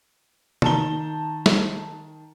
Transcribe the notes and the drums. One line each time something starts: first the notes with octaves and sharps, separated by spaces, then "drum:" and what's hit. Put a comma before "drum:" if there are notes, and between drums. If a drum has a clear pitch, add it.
D#3 A5 A#5 G7, drum: tom
drum: snare